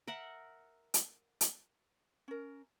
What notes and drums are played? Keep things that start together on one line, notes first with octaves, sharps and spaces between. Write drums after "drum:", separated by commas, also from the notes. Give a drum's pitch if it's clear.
A#4 E5 F#5
drum: hi-hat
drum: hi-hat
C#4 A#4